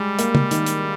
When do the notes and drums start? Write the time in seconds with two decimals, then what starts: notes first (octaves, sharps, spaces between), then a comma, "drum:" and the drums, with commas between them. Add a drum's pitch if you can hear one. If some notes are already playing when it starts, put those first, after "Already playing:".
Already playing: G3 G#3
0.19 A#3, drum: hi-hat
0.35 drum: tom
0.51 D#3, drum: hi-hat
0.66 drum: hi-hat